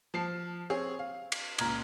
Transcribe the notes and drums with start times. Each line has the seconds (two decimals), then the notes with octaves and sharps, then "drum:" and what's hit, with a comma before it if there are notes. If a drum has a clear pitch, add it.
0.14 F3 A5 C7
0.70 C4 G#4 C#5
0.99 F5
1.32 drum: cymbal
1.58 C#2 A#2 A#5 F6 G#6, drum: cymbal